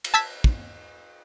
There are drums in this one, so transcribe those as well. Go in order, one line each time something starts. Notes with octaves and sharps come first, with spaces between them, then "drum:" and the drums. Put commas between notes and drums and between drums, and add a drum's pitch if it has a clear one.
drum: cymbal
A5 E6 G#6 B6
drum: kick